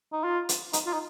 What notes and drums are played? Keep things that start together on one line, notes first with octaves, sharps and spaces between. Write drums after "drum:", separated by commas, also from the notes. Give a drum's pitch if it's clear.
D#4
F4
drum: hi-hat
D#4, drum: hi-hat
F4
D#4